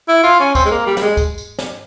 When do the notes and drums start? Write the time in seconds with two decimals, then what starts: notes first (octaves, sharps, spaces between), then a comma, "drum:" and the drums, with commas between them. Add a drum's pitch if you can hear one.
0.08 E4
0.24 F4
0.40 C#4
0.55 C4, drum: kick, tambourine
0.65 G#3
0.71 A#3
0.86 G3
0.97 G3, drum: snare
1.02 G#3
1.17 drum: kick, tambourine
1.38 drum: tambourine
1.58 drum: snare